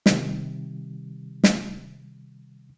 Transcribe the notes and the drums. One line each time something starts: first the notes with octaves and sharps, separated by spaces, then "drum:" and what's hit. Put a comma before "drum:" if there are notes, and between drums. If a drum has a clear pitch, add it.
C3 D#3 G3, drum: snare
drum: snare